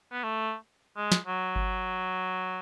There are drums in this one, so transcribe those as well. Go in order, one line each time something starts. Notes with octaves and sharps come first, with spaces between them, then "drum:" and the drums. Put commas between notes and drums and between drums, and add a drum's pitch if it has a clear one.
B3
A3
G#3
drum: snare
F#3
drum: kick G1